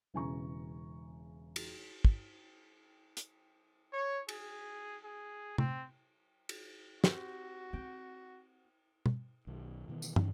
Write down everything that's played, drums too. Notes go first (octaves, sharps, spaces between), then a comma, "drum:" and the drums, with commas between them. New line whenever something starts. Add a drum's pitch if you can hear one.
E1 C#3 E3 G#5 A#5 C#6
drum: cymbal
drum: kick
drum: hi-hat
C#5
G#4, drum: cymbal
G#4
C4, drum: tom C3
drum: cymbal
C4 F#4 G4, drum: snare
C4 G5
drum: tom
B1 D#3
B2 D#3 E3 B3
drum: tambourine
D3 D#3 G3 C#4, drum: tom